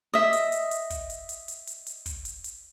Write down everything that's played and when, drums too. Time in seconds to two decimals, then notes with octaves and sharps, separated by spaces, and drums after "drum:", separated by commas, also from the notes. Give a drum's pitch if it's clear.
0.14 D#5 E5
0.33 drum: hi-hat
0.52 drum: hi-hat
0.71 drum: hi-hat
0.90 drum: kick, hi-hat
1.10 drum: hi-hat
1.29 drum: hi-hat
1.48 drum: hi-hat
1.67 drum: hi-hat
1.87 drum: hi-hat
2.06 drum: kick, hi-hat
2.25 drum: hi-hat
2.44 drum: hi-hat